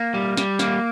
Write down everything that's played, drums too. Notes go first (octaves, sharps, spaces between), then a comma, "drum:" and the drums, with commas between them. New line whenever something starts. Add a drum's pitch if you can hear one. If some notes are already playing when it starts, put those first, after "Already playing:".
Already playing: A#3
G3
G3, drum: snare
A#3, drum: snare